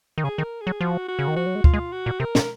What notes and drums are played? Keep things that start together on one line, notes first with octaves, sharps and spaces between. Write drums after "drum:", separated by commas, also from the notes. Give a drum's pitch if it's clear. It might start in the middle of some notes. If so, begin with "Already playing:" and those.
D#3
C#3 G#4
D#3
A#4
G#4
F#3
F3 F#4
F#4
C#3
D#3
F3 F#4
F#3
G#3
F4, drum: kick
G#3
F#4
A#2
C3 A#4
A#2, drum: snare